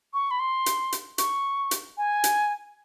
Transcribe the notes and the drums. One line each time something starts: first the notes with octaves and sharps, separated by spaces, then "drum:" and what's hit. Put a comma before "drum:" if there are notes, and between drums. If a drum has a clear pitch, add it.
C#6
B5
C6
drum: hi-hat
drum: hi-hat
C#6, drum: hi-hat
drum: hi-hat
G#5
drum: hi-hat